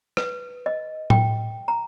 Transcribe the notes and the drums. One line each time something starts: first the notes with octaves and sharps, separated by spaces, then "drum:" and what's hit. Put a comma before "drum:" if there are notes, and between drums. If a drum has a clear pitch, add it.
B4, drum: rim click
D#5
G5, drum: tom A2
A#5